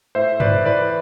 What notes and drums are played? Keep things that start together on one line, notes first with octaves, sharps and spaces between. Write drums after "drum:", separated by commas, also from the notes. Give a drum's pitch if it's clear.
A2 C5 E5
A2 B4 D5, drum: tom G2
E3 B4 D5